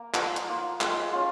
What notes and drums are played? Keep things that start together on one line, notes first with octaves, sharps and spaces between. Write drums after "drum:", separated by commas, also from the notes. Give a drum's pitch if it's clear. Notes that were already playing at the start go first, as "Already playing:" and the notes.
Already playing: A#3
F3 F#5, drum: clap
drum: hi-hat
A#3 F4
G#3, drum: clap
C#4 F4